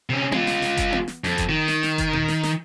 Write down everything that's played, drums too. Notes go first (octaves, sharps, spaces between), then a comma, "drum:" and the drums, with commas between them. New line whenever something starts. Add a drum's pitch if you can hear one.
C3 C#4
G#3 F4, drum: tom B3
drum: snare
drum: snare
drum: kick F#1, hi-hat
drum: tom B3
drum: snare
F2, drum: snare
drum: kick F#1, hi-hat
D#3
drum: snare
drum: snare
drum: kick F#1, hi-hat
drum: tom A#2
drum: snare
drum: snare